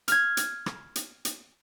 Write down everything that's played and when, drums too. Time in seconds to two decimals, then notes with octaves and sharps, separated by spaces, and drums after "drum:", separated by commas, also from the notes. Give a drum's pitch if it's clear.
0.08 F6 G#6, drum: hi-hat
0.37 drum: hi-hat
0.66 drum: rim click
0.96 drum: hi-hat
1.25 drum: hi-hat